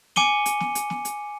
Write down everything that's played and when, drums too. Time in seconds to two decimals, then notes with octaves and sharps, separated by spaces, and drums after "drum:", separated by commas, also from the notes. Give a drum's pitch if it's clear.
0.16 G#5 D6 C#7 D#7 G7, drum: snare
0.46 drum: hi-hat
0.60 drum: snare
0.75 drum: hi-hat
0.90 drum: snare
1.05 drum: hi-hat